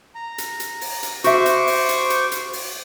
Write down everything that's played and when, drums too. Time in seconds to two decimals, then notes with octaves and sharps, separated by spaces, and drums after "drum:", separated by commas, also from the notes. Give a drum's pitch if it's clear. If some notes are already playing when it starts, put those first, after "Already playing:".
0.15 A#5
0.38 drum: hi-hat
0.60 drum: hi-hat
0.81 drum: open hi-hat
1.03 drum: hi-hat
1.24 F#4 C5 E5 C#6 D6, drum: hi-hat
1.46 drum: hi-hat
1.67 drum: open hi-hat
1.89 drum: hi-hat
2.10 drum: hi-hat
2.32 drum: hi-hat
2.53 drum: open hi-hat